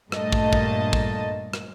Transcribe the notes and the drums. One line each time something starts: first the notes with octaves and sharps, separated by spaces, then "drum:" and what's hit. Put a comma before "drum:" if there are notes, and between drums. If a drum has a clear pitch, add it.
G2 A#2 A3 A#3 D#5 A5, drum: rim click
drum: kick
drum: kick
drum: kick
drum: rim click